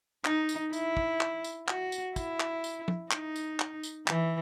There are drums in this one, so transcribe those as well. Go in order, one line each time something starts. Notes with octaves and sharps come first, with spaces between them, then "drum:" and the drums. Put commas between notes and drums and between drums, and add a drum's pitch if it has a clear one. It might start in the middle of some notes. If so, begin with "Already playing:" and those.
D#4, drum: clap
drum: tambourine
E4, drum: tambourine
drum: kick
drum: clap
drum: tambourine
F#4, drum: clap
drum: tambourine
E4, drum: kick, tambourine
drum: clap
drum: tambourine
drum: tom
D#4, drum: clap
drum: tambourine
drum: clap
drum: tambourine
E3, drum: clap